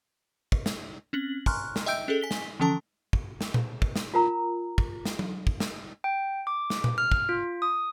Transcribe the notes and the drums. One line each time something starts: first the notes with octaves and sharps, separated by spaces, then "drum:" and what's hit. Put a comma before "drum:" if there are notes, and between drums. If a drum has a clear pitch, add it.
drum: kick
drum: snare
C4 C#4 F#7
G#5 A#5 C6 C#6 F6 F#6, drum: kick
drum: snare
D#5 E5 G5 E6 G6 D7
C#4 G#4 A4
G#5 B6 G7
drum: snare
D3 E3 F3 C#4 A4 A5
drum: kick
drum: snare
drum: tom A#2
drum: kick
drum: snare
F4 A#4 A#5
drum: kick
drum: snare
drum: tom F#3
drum: kick
drum: snare
G5
D6
drum: snare
drum: tom A#2
F6
drum: kick
F4
D#6